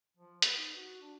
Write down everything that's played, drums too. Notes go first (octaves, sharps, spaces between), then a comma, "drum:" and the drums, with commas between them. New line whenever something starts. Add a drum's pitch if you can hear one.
F3
B4, drum: hi-hat
D#4
F#4
D4